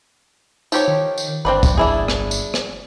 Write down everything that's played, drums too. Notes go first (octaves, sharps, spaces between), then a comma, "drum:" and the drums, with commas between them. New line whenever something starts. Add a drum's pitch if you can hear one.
F3 D#4 G4 C#5, drum: tambourine
D#3
drum: tambourine
G1 C4 D4 B4
drum: kick C2, tambourine
D4 E4 G#4
drum: rim click
drum: tambourine
drum: rim click